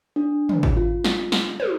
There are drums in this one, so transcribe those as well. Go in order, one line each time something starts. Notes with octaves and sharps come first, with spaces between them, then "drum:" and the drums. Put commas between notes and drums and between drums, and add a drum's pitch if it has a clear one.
D4
drum: tom
drum: kick G#1
F4
drum: snare
drum: snare
drum: tom